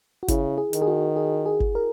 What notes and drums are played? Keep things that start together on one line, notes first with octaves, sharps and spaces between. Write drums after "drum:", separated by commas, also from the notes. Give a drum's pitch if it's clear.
F#4
C#3 E4, drum: kick G1, hi-hat
G#4
D#3, drum: hi-hat
G#4
F#4
G#4
G#4
drum: kick G1
A#4